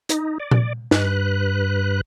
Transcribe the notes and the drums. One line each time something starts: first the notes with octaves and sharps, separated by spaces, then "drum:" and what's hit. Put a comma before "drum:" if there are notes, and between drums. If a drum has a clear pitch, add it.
D#4, drum: hi-hat
D5
drum: tom A#2
G2 B4 F#6, drum: snare